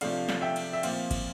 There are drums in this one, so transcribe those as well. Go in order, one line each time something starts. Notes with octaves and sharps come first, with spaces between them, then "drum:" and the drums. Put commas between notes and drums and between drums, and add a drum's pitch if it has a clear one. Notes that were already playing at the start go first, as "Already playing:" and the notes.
C3 F3 A3 D4 F5, drum: cymbal
drum: snare
E5 G5
drum: cymbal
E5
A#2 F3 C4 F4 F5, drum: cymbal
drum: kick, cymbal